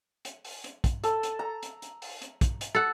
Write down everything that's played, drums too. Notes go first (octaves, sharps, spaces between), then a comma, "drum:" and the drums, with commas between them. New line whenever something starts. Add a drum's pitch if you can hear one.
drum: hi-hat
drum: open hi-hat
drum: hi-hat
drum: kick, hi-hat
A4, drum: hi-hat
drum: hi-hat
A#5
drum: hi-hat
drum: hi-hat
drum: open hi-hat
drum: hi-hat
drum: kick, hi-hat
drum: hi-hat
A4 F#5